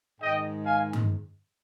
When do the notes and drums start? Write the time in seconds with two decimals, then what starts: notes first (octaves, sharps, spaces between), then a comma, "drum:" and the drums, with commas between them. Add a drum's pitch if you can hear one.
0.20 G#2 D#3 G#3 D#5 G5
0.64 F5 G#5
0.93 drum: tom G2